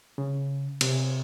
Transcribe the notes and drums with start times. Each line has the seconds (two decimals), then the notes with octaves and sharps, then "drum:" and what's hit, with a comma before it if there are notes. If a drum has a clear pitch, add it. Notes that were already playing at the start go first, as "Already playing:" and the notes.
0.18 C#3
0.81 C3, drum: cymbal